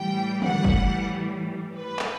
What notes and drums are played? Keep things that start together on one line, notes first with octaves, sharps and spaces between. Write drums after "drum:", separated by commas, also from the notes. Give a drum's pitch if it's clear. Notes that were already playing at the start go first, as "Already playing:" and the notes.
Already playing: A2 E3 G3 G5
F#5, drum: tom D3
drum: kick
B4
drum: clap